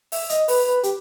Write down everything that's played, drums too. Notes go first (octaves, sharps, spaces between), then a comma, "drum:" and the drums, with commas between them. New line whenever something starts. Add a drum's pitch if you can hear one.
E5, drum: open hi-hat
D#5, drum: hi-hat
B4, drum: open hi-hat
B4
G4, drum: hi-hat